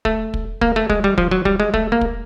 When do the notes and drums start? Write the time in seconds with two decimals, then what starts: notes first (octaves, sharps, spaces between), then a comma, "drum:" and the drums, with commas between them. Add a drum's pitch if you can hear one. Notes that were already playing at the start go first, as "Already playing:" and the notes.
0.05 A3, drum: kick
0.34 drum: kick
0.61 A#3, drum: kick
0.76 A3
0.90 G#3, drum: kick
1.04 G3
1.18 F3, drum: kick
1.31 F#3
1.45 G3, drum: kick
1.60 G#3
1.74 A3, drum: kick
1.92 A#3
2.01 drum: kick